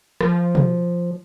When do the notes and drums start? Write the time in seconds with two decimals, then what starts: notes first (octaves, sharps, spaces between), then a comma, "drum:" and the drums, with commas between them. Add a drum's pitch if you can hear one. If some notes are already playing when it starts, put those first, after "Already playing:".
0.21 F3, drum: rim click
0.55 drum: tom B2